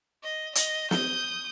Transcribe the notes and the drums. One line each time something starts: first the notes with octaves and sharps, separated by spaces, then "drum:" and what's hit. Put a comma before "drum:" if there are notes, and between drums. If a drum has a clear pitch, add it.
D#5
D#5, drum: hi-hat
D#6 G6, drum: snare